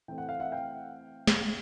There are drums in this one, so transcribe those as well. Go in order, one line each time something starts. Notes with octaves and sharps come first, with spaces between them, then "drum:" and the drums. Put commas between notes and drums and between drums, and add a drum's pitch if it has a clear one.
E3 A3 C4 G5
F#5
F5
E5 F#5
F5 G5
drum: snare